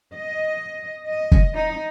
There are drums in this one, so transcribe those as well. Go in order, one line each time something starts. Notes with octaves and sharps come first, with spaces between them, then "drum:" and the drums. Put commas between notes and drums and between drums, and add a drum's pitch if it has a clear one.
D#5
D#5
drum: kick
D#4